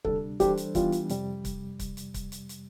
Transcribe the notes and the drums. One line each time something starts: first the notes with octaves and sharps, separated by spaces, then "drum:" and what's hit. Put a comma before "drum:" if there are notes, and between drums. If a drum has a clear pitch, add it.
D2 C3 G3 D4 A4, drum: kick C#1
E3 G3 D4 G4 A4 C5, drum: kick C#1, hi-hat
drum: hi-hat
E3 G3 B3 D4 F4, drum: kick C#1, hi-hat
drum: hi-hat
F2 C3 G3, drum: hi-hat
drum: kick C#1, hi-hat
drum: kick C#1, hi-hat
drum: hi-hat
drum: kick C#1, hi-hat
drum: hi-hat
drum: hi-hat